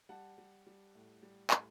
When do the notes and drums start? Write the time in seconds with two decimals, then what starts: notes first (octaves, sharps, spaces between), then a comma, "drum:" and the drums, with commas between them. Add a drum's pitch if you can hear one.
0.09 G3 F#5 A5
0.38 G3
0.66 G3
0.94 A2
1.22 G3
1.50 A2, drum: clap